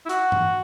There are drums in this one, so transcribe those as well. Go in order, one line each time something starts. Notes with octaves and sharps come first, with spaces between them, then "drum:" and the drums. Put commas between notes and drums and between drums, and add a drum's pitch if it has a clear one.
E4
F#4, drum: hi-hat
drum: tom G2